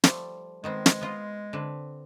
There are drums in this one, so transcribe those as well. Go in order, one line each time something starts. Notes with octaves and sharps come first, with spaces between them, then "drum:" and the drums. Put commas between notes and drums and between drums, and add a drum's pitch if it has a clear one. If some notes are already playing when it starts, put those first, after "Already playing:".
F3 G3 A3, drum: snare
D#3 G#3 B3 C4
drum: snare
B3 F4 D#5
D3 C4 B4